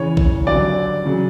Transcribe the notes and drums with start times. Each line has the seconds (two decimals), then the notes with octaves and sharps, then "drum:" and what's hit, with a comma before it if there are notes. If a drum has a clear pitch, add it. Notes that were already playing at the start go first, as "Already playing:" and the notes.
Already playing: E2 C#3 E3 C#5
0.17 drum: kick A1
0.47 G2 D3 F#3 D5
1.05 C#3 F#3